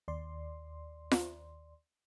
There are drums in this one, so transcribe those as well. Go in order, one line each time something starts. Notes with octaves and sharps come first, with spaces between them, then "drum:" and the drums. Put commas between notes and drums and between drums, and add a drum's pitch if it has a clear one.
D#2 D5 C6
drum: snare F4